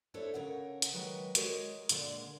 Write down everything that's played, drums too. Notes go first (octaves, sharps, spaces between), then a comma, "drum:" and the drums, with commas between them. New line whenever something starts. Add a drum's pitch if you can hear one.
D4 E4 A4 C5 C#5
C#3 A#4 C#5 F#5
drum: hi-hat
D#3 F#3 G#3 B4
G#3 F#4 A#4 C#5 D#5, drum: hi-hat
A#2 D3 G#3 A#3, drum: hi-hat